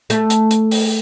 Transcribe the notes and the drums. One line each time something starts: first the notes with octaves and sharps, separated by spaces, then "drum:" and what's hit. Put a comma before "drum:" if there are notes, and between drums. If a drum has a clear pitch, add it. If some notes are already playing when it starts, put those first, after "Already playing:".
A3, drum: hi-hat
drum: hi-hat
drum: hi-hat
drum: open hi-hat